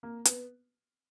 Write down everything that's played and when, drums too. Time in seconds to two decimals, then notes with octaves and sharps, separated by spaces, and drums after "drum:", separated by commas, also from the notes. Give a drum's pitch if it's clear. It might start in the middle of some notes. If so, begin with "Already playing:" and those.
0.03 A#3
0.25 B3, drum: hi-hat